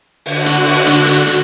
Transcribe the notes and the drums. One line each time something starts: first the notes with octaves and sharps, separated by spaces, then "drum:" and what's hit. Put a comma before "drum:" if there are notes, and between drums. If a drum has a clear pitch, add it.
D3 F#4 F#6, drum: open hi-hat
drum: hi-hat
drum: open hi-hat
drum: hi-hat
drum: hi-hat
drum: hi-hat